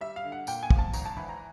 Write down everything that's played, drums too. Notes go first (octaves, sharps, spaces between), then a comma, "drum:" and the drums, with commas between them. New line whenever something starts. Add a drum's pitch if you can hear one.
G3 E5
F5
D3
F#5
A#2 G5, drum: tambourine
G#5
F3, drum: kick
A5
G#1 A#5, drum: tambourine
A5
E3 B5
A#5